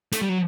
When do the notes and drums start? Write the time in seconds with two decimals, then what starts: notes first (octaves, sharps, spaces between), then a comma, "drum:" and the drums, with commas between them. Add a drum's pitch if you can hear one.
0.12 A3, drum: hi-hat
0.22 G3
0.29 F#3